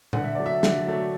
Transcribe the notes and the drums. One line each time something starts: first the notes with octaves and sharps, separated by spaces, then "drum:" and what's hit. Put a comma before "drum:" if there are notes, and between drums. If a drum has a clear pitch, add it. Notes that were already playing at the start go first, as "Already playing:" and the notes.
D3 F#5, drum: tom A#2
E5
F#3 A3 D5
E5
D3, drum: snare
F#3 A3